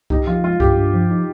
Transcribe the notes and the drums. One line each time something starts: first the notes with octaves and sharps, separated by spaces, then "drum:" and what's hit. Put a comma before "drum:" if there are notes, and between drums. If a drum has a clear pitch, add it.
D#4 G4, drum: kick C2
F3 F4
G#3 F4
G2 G4, drum: kick C2
G2
F3
D#4